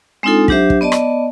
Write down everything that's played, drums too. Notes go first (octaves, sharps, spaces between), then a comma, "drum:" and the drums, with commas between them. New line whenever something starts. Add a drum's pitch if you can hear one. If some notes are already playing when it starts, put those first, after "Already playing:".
G#3 C4 D4 D#4 F4 A4
F#3 D4 G4 C5 E5, drum: kick
drum: kick
B3 D5 D#5 A5
drum: rim click